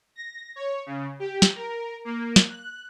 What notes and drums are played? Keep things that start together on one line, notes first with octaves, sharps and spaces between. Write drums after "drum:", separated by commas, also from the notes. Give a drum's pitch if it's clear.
A#6
C#5
C#3
G4
drum: snare
A#4
A#3
drum: snare
F#6